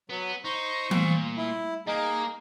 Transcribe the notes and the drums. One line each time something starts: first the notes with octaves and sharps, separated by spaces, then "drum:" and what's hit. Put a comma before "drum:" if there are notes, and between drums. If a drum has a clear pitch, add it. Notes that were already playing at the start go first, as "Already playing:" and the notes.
F#3 B3
D#4 C5 C#6
A#2 G3 A3 B3, drum: tom E3
E4
A#3 D#4 G#4 D#5